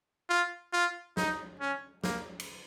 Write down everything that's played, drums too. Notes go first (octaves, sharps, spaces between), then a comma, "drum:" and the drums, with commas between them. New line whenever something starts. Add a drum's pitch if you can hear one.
F4
F4
D#4, drum: snare
C#4
A#3, drum: snare
drum: cymbal